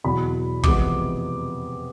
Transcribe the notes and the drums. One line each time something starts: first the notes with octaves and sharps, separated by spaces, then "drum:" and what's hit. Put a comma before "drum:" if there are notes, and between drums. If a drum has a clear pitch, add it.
E2 B2 F#3 B5
F2 C3 E3 G#3 B3 D6, drum: kick